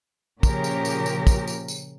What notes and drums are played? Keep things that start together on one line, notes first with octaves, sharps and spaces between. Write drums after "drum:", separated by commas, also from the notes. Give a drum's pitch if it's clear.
A#2 C#3 F3 G4 A#4, drum: kick, tambourine
drum: tambourine
drum: tambourine
drum: tambourine
drum: kick, tambourine
drum: tambourine
drum: tambourine